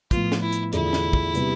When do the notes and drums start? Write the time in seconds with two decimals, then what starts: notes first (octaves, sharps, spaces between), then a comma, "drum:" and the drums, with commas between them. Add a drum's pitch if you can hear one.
0.11 A2 F3 B3 F4, drum: kick, hi-hat
0.32 drum: snare
0.41 E4
0.52 drum: hi-hat
0.72 E2 D3 A3 D4 E4 F4, drum: hi-hat
0.93 drum: snare
1.13 drum: kick
1.34 C3 G3 B3, drum: hi-hat